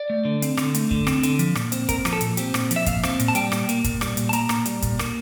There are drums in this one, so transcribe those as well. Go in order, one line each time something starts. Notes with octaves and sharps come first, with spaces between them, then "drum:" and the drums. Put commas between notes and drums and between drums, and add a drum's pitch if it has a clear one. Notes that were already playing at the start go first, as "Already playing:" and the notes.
Already playing: D5
A3
D3
C4, drum: hi-hat
D3, drum: rim click
A3, drum: hi-hat
D3, drum: kick
C4, drum: rim click
D3, drum: hi-hat
F3, drum: hi-hat
A#2, drum: rim click
C4, drum: hi-hat
A#2 A#4, drum: kick, hi-hat
F3, drum: rim click
A4
A#2, drum: hi-hat
C4 G4, drum: hi-hat
A#2, drum: rim click
F3, drum: hi-hat
E5
A#2 F5, drum: kick, hi-hat
C4, drum: rim click
A#2, drum: hi-hat
A5
G3 G5, drum: hi-hat
A#2, drum: rim click
A#3, drum: hi-hat
A#2, drum: kick, hi-hat
G3, drum: rim click
A#2, drum: hi-hat
A5
A#3 A#5, drum: hi-hat
A#2, drum: rim click
G3, drum: hi-hat
A#2, drum: kick, hi-hat
A#3, drum: rim click